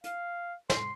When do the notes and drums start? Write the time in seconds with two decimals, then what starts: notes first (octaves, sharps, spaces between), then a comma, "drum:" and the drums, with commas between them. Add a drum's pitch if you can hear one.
0.04 F5, drum: hi-hat
0.70 C6, drum: snare